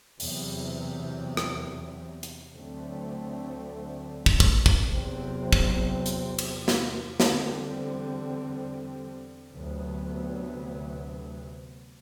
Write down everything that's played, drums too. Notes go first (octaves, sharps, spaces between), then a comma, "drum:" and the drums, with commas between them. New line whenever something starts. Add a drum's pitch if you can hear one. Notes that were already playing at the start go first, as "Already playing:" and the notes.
E2 C3 F#3, drum: open hi-hat
drum: rim click
drum: hi-hat
D2 D3 F#3 A3 C4
drum: kick
drum: kick
drum: kick
E2 C3 F#3 C4
drum: kick
drum: hi-hat
drum: cymbal
drum: snare
E2 D3 G3 C4, drum: snare
D2 C3 F#3 B3